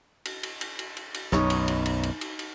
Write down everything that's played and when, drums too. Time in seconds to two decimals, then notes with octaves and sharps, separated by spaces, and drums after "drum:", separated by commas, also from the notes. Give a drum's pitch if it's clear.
0.25 drum: cymbal
0.43 drum: cymbal
0.61 drum: cymbal
0.79 drum: cymbal
0.97 drum: cymbal
1.14 drum: cymbal
1.32 B1 F#2 D#4 C#5 D#5, drum: snare
1.50 drum: cymbal
1.68 drum: cymbal
1.86 drum: cymbal
2.03 drum: cymbal
2.21 drum: cymbal
2.39 drum: cymbal